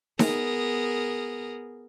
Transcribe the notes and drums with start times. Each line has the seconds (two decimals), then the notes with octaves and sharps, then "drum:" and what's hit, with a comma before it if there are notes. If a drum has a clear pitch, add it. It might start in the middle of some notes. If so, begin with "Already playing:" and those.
0.19 B3 G#4 A#4, drum: snare D#4